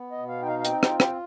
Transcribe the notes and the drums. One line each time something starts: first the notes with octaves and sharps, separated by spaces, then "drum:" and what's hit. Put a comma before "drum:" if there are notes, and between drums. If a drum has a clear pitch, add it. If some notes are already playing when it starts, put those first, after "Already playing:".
Already playing: B3
D#5
B2
F5
D#4 G5
F5
F5
C4 G5, drum: hi-hat
G5, drum: rim click
F4
G5, drum: rim click